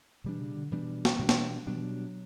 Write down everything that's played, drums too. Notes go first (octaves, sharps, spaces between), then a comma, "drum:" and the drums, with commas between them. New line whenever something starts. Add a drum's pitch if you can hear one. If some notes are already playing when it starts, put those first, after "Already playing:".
B2 E3 G3 D4
C#3
D3
B2 E3 G3 D4
drum: snare
B2 G3 D4
drum: snare
B2 F#3 G3 D4
E3
F#3